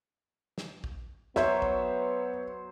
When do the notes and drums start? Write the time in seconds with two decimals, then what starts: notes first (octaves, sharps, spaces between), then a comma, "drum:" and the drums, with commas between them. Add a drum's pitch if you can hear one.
0.58 drum: snare
0.84 drum: kick A1
1.36 F#3 B3 C5 C#5 E5, drum: snare
1.62 drum: kick A1